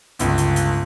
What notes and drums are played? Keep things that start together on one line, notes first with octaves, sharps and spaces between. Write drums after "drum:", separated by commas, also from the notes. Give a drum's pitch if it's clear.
G1 C#2, drum: hi-hat
drum: hi-hat
drum: hi-hat